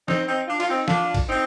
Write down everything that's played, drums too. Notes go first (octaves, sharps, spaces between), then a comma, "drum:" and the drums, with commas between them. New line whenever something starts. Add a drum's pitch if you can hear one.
C4 D#4, drum: snare
C4 D#4
D4 F4
F4, drum: cymbal
C4 D#4
D4 F4, drum: snare
drum: kick G#1, cymbal
C4 D#4